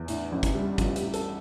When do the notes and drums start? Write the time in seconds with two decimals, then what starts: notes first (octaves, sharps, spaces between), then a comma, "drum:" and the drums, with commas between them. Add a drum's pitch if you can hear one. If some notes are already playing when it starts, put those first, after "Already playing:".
Already playing: E2
0.08 A2 D4, drum: hi-hat
0.32 A1
0.43 E4, drum: kick, hi-hat
0.55 G3
0.78 A1 F4, drum: kick, hi-hat
0.96 G4, drum: hi-hat
1.02 A2
1.14 A4, drum: hi-hat